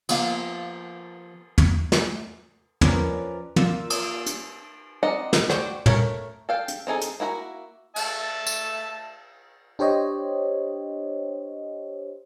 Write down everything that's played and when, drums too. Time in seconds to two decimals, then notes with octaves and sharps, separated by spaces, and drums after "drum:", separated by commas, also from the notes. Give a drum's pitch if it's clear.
0.09 F3 A#3 F5, drum: cymbal
1.58 drum: tom
1.92 drum: snare
2.81 F3 C#4 A#4 B4 D5, drum: tom
3.56 A#3 F4 D5 E6, drum: tom
3.90 drum: cymbal
4.26 drum: hi-hat
5.03 C4 D#4 D5 D#5 F#5
5.33 drum: snare
5.50 F#4 C5 D5 G5, drum: rim click
5.86 A3 A#4 C#5, drum: tom
6.49 A4 F5 G5
6.68 drum: hi-hat
6.87 C4 D#4 G#4 A4
7.01 drum: hi-hat
7.20 A#3 E4 F#4 A#5
7.96 E5 A5, drum: cymbal
8.47 drum: tambourine
9.79 D4 G4 C5 C#5 D#5